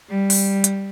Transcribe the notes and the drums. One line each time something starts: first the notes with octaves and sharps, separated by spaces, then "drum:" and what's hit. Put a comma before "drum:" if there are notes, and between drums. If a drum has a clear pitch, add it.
G3
drum: open hi-hat
drum: hi-hat